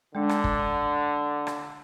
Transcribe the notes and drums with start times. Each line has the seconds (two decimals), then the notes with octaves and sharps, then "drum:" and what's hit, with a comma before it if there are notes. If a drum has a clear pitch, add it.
0.15 D3 G#3 D4
0.29 drum: rim click
0.44 drum: kick
1.47 drum: rim click